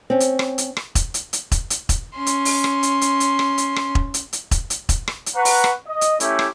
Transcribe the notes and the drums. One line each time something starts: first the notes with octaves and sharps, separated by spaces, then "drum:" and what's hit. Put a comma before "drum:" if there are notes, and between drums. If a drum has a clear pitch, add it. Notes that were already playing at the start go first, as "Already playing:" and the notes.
C4 C#4
drum: hi-hat
drum: rim click
drum: hi-hat
drum: rim click
drum: kick E1, hi-hat
drum: hi-hat
drum: hi-hat
drum: kick E1, hi-hat
drum: hi-hat
drum: kick E1, hi-hat
C#4 C6
drum: hi-hat
drum: open hi-hat
drum: rim click
drum: hi-hat
drum: hi-hat
drum: hi-hat
drum: rim click
drum: hi-hat
drum: rim click
drum: kick E1
drum: hi-hat
drum: hi-hat
drum: kick E1, hi-hat
drum: hi-hat
drum: kick E1, hi-hat
drum: rim click
drum: hi-hat
B4 F#5 A#5 C#6
drum: open hi-hat
drum: rim click
D#5
drum: hi-hat
A3 C#4 E4 G4, drum: hi-hat
drum: rim click